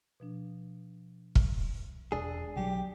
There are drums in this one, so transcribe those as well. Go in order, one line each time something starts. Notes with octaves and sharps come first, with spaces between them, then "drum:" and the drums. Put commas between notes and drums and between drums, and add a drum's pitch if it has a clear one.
B2 F3 D4
drum: kick
E1 D4 G#4 D#6 E6
B1 E3 F#3 G4